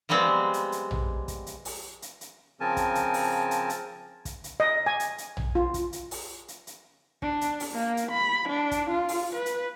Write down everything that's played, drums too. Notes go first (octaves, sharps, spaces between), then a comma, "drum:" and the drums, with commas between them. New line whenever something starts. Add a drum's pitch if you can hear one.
F3 G3 G#3 B3 C4
drum: hi-hat
drum: hi-hat
drum: tom A#1
drum: kick, hi-hat
drum: hi-hat
drum: open hi-hat
drum: hi-hat
drum: hi-hat
C#3 F3 C4 A#4 G#5 A5
drum: kick, hi-hat
drum: hi-hat
drum: open hi-hat
drum: hi-hat
drum: hi-hat
drum: kick, hi-hat
drum: hi-hat
D#5
G#5
drum: hi-hat
drum: hi-hat
drum: tom A#1
F4
drum: kick, hi-hat
drum: hi-hat
drum: open hi-hat
drum: hi-hat
drum: hi-hat
D4, drum: kick
drum: hi-hat
drum: open hi-hat
A#3
drum: hi-hat
B5
D4
drum: kick, hi-hat
F4
drum: open hi-hat
B4
drum: hi-hat